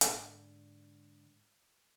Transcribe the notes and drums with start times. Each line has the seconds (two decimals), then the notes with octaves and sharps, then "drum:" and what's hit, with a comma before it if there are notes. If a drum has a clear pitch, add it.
0.01 G#2 D3, drum: hi-hat